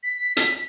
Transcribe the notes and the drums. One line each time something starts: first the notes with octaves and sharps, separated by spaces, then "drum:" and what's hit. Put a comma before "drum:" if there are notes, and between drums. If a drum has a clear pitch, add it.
B6
drum: hi-hat